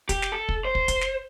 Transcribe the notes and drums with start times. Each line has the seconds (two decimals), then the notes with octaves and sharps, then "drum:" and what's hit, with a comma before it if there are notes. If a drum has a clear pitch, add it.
0.09 G4, drum: kick, hi-hat
0.22 drum: snare
0.32 A4
0.49 drum: kick
0.65 C5
0.75 drum: kick
0.88 drum: kick, hi-hat
1.01 drum: snare